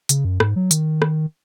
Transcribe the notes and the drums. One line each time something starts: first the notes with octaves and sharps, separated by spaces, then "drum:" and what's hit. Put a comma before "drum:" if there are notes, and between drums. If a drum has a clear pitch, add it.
C#3, drum: hi-hat
F#2
G#2, drum: rim click
F#3
D#3, drum: hi-hat
drum: rim click